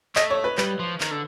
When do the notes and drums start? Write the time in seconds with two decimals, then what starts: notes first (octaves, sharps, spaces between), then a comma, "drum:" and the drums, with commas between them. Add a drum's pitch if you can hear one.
0.16 A3 D#5, drum: clap
0.30 C#5
0.44 B4
0.58 G3 B4, drum: clap
0.79 F3
1.01 D#3, drum: clap
1.11 D3